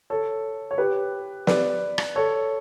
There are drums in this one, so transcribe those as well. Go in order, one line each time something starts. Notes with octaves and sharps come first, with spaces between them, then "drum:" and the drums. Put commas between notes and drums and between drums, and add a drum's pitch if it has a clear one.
A4 C#5
C#5
G4 B4
B4 D5, drum: snare
drum: rim click
A4 C#5